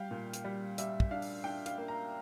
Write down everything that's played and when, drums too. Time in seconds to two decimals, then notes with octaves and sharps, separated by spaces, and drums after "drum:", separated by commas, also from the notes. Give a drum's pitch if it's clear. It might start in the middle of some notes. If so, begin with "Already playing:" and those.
Already playing: G3 F5 G5
0.11 A#2
0.34 drum: hi-hat
0.44 G3
0.78 G3 E5, drum: hi-hat
1.00 drum: kick
1.11 D4 F5
1.22 drum: open hi-hat
1.44 D4 G5
1.66 F5, drum: hi-hat
1.78 A#3
1.88 A#5